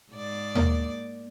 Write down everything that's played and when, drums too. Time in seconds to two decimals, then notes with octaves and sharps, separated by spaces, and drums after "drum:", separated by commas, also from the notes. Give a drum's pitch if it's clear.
0.12 G#2 D5
0.55 A#3, drum: tom D#2